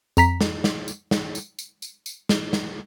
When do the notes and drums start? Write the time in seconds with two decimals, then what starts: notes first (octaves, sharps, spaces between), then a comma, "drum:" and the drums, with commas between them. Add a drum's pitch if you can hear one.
0.17 F2 A#5 B6, drum: tambourine
0.41 drum: snare
0.64 drum: snare
0.88 drum: tambourine
1.11 drum: snare
1.35 drum: tambourine
1.59 drum: tambourine
1.82 drum: tambourine
2.06 drum: tambourine
2.29 drum: snare
2.53 drum: snare